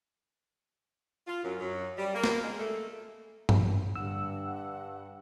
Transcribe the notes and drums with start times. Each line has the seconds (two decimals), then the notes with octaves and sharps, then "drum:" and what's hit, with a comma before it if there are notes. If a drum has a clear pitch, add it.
1.27 F4
1.44 F#2
1.60 F#2
1.97 G3
2.15 A#3
2.24 drum: snare
2.43 G#3
2.58 A3
3.49 drum: tom G2
3.95 G2 D3 G3 F#5 E6